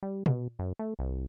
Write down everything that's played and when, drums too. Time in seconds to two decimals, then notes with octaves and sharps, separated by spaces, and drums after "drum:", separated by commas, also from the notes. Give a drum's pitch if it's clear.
0.03 G3
0.26 B2, drum: tom
0.59 F#2
0.79 A3
0.99 C2